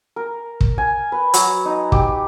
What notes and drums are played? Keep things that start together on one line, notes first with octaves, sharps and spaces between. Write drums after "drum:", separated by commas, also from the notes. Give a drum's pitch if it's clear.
A#4
drum: kick
G#5
B4
F#3, drum: hi-hat
D#4
G4, drum: kick